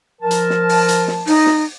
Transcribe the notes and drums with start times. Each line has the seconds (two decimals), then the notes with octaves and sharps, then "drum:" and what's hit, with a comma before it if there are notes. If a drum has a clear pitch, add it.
0.22 F3 A#4 A5
0.31 drum: hi-hat
0.50 drum: snare
0.69 drum: open hi-hat
0.89 drum: hi-hat
1.08 drum: snare
1.27 D#4, drum: open hi-hat
1.46 drum: snare